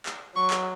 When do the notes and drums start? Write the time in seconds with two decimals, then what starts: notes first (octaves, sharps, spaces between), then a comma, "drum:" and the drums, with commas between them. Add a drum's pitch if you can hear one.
0.06 drum: clap
0.35 F#3 C#6
0.50 drum: clap